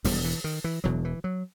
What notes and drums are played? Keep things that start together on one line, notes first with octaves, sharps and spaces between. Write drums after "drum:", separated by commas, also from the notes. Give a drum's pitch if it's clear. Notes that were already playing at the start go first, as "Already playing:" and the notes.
E1 E2 B2 G3, drum: open hi-hat
E3
D#3
E3
E1 E2 B2 F#3
E3
F#3